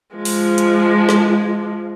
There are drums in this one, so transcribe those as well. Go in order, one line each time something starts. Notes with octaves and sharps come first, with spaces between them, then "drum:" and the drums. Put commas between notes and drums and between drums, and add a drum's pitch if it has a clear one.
F3 G#3
drum: open hi-hat
drum: hi-hat
drum: snare